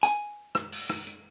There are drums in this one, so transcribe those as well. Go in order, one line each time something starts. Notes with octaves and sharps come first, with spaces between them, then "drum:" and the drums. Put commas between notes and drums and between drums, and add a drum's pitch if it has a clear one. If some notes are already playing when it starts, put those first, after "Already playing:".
G#5, drum: hi-hat
drum: rim click
drum: open hi-hat
drum: rim click
drum: hi-hat